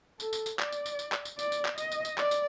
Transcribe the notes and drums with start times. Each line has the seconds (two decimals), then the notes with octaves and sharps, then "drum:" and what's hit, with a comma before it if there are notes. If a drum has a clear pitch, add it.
0.20 A4, drum: tambourine
0.33 drum: tambourine
0.46 drum: tambourine
0.59 D5, drum: clap
0.72 drum: tambourine
0.86 drum: tambourine
0.99 drum: tambourine
1.12 drum: clap
1.25 drum: tambourine
1.39 D5, drum: tambourine
1.52 drum: tambourine
1.65 drum: clap
1.78 D#5, drum: tambourine
1.92 drum: tambourine
2.05 drum: tambourine
2.18 D5, drum: clap
2.31 drum: tambourine